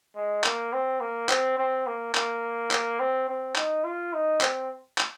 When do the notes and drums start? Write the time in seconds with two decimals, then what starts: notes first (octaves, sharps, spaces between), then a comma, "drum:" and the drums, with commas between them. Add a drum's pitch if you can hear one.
0.16 G#3
0.44 A#3, drum: clap
0.73 C4
1.00 A#3
1.29 C4, drum: clap
1.58 C4
1.87 A#3
2.15 A#3, drum: clap
2.71 drum: clap
3.00 C4
3.29 C4
3.56 D#4, drum: clap
3.84 F4
4.13 D#4
4.41 C4, drum: clap
4.98 drum: clap